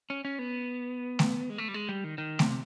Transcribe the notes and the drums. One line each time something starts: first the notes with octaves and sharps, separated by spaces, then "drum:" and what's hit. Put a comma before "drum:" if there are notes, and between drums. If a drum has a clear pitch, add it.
C#4
C#4
B3
drum: snare A3
G#3
A3
G3
G#3
G3
D#3
D#3
C3, drum: snare A3